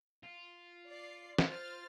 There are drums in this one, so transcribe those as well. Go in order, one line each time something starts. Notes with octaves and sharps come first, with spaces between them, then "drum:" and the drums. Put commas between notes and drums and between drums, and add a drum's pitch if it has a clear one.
F4
D5 C7
drum: snare
F4 C5 F6 A6